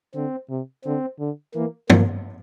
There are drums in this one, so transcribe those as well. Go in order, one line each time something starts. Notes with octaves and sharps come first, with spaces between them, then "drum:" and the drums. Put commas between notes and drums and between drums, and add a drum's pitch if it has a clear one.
D3 C4
C3
D3 C4
D3
E3 A#3
F3 A#3, drum: tom